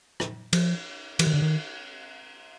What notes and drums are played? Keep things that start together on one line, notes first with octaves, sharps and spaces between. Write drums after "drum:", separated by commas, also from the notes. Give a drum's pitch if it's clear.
drum: rim click
F3, drum: cymbal
E3, drum: cymbal
D#3
D3
D#3